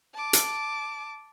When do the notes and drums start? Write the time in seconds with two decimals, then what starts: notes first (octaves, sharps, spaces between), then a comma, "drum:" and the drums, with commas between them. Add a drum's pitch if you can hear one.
0.14 A5 D6
0.33 drum: hi-hat